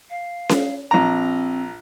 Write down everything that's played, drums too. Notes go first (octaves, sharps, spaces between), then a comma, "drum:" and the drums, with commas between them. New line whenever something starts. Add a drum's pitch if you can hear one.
F5
drum: snare C#4
A#1 C4 A#5